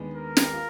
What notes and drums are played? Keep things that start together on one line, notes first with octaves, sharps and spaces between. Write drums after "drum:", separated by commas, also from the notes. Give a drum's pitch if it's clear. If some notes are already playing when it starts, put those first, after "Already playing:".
Already playing: D#2 D#3 G#3 B3 D4
A#4
drum: snare
F4